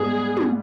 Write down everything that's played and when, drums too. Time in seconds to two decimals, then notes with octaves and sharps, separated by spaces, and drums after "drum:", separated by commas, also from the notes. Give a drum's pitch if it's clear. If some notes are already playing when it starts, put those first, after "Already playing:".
Already playing: G#2 G3 B3 G#4
0.37 drum: tom